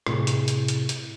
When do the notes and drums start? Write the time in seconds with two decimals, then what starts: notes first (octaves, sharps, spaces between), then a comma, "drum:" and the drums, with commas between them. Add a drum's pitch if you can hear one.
0.07 A2 C3 E4 G#4, drum: rim click
0.27 drum: hi-hat
0.48 drum: hi-hat
0.68 drum: hi-hat
0.89 drum: hi-hat